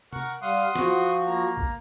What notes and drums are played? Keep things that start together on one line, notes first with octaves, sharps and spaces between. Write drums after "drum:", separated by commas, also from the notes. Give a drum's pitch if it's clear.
A#4 F#5 C#6, drum: tom C3
G3 F5 F#5 C6 D#6
F3 F#4, drum: snare
A#3 A#5
drum: kick A#1